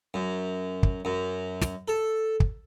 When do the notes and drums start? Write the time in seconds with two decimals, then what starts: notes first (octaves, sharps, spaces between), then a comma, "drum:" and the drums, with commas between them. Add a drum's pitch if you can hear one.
0.14 F#2
0.83 drum: kick
1.05 F#2
1.61 drum: snare
1.88 A4
2.40 drum: kick